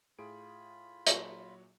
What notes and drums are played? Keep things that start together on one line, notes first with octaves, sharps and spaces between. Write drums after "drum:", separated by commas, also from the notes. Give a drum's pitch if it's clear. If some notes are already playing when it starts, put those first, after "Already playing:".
A2 F4 G#4 B5 D7
A#2 F#3 D#4 G#4 A4 C#6, drum: hi-hat